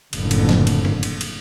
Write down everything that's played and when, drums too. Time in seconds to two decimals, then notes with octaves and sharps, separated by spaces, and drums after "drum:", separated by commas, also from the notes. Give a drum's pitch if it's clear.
0.13 F#1 F2 A2 D3, drum: cymbal
0.31 drum: cymbal
0.49 drum: snare
0.67 drum: cymbal
0.85 drum: tom G2
1.03 drum: cymbal
1.21 drum: cymbal